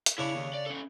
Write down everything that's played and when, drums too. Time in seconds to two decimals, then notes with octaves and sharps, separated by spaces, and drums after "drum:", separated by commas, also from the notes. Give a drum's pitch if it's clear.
0.06 drum: hi-hat
0.18 C#3 D4 E4 C#5
0.35 D#2
0.54 D5
0.66 C#4 A4